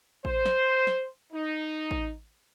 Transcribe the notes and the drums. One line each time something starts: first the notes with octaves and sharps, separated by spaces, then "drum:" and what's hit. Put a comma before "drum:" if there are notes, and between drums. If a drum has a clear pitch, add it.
C5, drum: kick A1
drum: snare
drum: snare
D#4
drum: kick A1